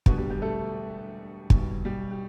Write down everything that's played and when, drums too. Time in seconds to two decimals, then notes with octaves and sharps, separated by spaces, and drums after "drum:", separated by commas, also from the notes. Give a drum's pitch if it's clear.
0.06 E1 D2 B2 D3 G3 B3, drum: kick
0.18 G3 G4
0.30 G3 G4
0.42 A3 A4
1.50 B1 B2 G3, drum: kick
1.85 G3 G4
2.11 G4